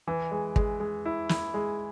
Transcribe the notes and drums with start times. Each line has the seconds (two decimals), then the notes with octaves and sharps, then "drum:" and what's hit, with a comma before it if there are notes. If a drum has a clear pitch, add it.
0.07 E3
0.31 G#3
0.56 G#3, drum: kick
0.80 G#3
1.06 E4
1.29 E4, drum: snare
1.54 G#3